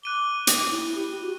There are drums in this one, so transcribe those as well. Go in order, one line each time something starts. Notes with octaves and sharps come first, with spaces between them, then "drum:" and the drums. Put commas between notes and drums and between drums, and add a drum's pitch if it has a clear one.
D6 F#6 D#7 G7
drum: hi-hat
E4
G4
F#4